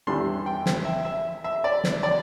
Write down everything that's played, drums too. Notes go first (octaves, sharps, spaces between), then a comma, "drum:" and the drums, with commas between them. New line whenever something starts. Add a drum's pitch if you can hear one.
E2 E3 G3 D4 C6
G5
drum: snare
E5
E5
E5
D5
drum: snare
D5